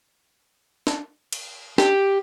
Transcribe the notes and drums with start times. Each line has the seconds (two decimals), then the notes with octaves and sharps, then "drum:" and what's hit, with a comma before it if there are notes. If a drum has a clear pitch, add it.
0.87 drum: snare
1.33 drum: cymbal
1.78 G4, drum: snare